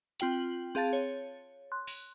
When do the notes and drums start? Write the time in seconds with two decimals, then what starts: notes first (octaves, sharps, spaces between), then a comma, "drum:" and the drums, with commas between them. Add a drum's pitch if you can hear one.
0.20 C4 F4 G5 F#7, drum: hi-hat
0.75 C4 G#4 F5 A5 A6
0.93 C#5
1.72 C6 F#6
1.87 drum: open hi-hat